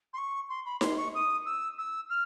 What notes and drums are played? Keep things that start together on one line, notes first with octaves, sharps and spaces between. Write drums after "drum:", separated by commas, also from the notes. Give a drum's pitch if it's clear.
C6
C#6
C6
B5
C6, drum: snare D#4
C#6
D#6
E6
E6
F6